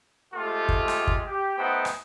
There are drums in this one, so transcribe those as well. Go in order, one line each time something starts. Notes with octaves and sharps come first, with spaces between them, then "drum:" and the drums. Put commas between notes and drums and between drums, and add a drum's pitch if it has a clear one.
G#3 A3 C4 F4 G4 A4
drum: kick
drum: rim click
drum: kick
G4
A3 B3 D#4 C5 F#5 G5
drum: rim click